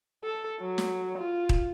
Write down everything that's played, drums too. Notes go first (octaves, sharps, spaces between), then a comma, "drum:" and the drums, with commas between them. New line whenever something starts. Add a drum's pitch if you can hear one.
A4
F#3
drum: snare
F4
drum: kick D#1